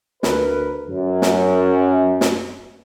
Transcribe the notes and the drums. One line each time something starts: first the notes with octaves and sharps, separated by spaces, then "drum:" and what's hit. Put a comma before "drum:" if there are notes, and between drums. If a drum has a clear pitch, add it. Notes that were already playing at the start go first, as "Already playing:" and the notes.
D2 A#4 B4, drum: snare
F#2
drum: snare
drum: snare